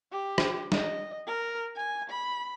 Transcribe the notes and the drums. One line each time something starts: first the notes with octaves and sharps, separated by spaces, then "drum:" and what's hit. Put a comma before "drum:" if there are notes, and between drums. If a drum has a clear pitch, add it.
G4
drum: rim click
D#5, drum: snare
A#4
G#5
B5